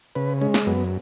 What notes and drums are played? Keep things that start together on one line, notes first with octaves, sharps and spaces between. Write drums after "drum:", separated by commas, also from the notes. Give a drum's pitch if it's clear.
C#3 B4
G#3 C#4
drum: snare
F#2 B3